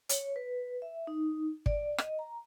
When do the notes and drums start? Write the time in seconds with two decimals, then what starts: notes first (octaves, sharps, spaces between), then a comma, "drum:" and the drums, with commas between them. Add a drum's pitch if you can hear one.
0.09 C#5, drum: hi-hat
0.36 B4
0.82 E5
1.07 D#4
1.66 D5, drum: kick
1.98 D#5, drum: rim click
2.19 A#5